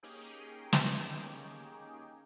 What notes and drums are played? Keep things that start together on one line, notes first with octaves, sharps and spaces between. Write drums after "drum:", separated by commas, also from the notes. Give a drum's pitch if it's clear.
A#3 C#4 D#4 G4 G#4 G5
drum: snare